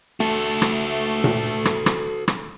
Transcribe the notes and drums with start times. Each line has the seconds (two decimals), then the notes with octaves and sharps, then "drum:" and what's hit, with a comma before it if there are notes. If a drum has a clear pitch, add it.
0.20 A3 F#4 A4
0.62 drum: rim click
1.24 drum: tom A#2
1.65 drum: rim click
1.86 drum: rim click
2.28 drum: rim click